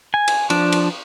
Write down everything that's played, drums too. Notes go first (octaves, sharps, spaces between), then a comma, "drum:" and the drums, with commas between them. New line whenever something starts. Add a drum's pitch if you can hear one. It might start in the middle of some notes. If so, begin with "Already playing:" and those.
G#5
drum: cymbal
F3 D4, drum: cymbal
drum: cymbal